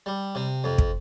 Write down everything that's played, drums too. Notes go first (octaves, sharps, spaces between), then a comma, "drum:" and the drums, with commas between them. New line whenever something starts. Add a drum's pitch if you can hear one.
G3
C3
F2
drum: kick